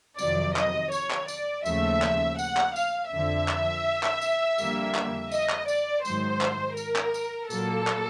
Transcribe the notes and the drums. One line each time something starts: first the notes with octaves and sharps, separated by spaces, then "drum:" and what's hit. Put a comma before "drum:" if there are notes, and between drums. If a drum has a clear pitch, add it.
F2 C3 D#3 F#3 D5, drum: tambourine
D#5, drum: clap
C#5, drum: tambourine
drum: clap
D5, drum: tambourine
D#2 C#3 F3 A3 E5, drum: tambourine
drum: clap
F#5, drum: tambourine
drum: clap
F5, drum: tambourine
F2 D3 F3 E5
drum: clap
drum: clap
drum: tambourine
F2 D3 G3 A#3, drum: tambourine
drum: clap
D#5, drum: tambourine
drum: clap
D5, drum: tambourine
G#2 D#3 F#3 C5, drum: tambourine
drum: clap
A#4, drum: tambourine
drum: clap
drum: tambourine
A#2 F#3 A#3 A4, drum: tambourine
drum: clap